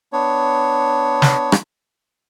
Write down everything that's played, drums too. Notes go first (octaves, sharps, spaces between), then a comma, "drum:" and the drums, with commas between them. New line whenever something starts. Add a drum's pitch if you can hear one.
B3 D4 C#5
drum: snare
drum: rim click